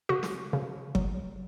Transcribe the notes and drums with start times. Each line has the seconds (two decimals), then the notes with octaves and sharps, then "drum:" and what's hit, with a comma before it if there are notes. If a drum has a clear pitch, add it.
0.09 C#3 F#4
0.23 drum: snare
0.53 C#3
0.95 F#3, drum: kick G1